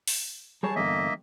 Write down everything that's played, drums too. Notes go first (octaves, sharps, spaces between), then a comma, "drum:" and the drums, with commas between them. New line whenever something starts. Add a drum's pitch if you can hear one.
drum: open hi-hat
G3 G#4 C#5 A5
E2 G2 D3 A#3 D#5 E5